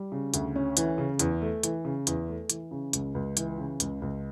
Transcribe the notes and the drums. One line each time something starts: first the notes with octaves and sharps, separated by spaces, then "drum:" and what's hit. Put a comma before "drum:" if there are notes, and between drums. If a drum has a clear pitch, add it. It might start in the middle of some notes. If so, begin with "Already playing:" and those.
Already playing: G3
C#3
D2, drum: hi-hat
C#4
E3, drum: hi-hat
C#3
E2, drum: hi-hat
A3
E3, drum: hi-hat
C#3
E2, drum: hi-hat
A3
E3, drum: hi-hat
C#3
C#2, drum: hi-hat
C#2
E3, drum: hi-hat
C#3
C#2, drum: hi-hat
C#2